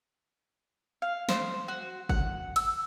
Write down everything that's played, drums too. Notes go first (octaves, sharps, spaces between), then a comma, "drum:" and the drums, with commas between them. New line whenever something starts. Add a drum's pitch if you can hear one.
F5
C5, drum: snare
F#4
F#5, drum: kick
E6, drum: cymbal